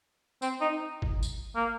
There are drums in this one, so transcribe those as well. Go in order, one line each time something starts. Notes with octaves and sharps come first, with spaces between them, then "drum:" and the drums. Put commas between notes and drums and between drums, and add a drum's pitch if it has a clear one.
C4, drum: tambourine
D#4
drum: kick
drum: tambourine
A#3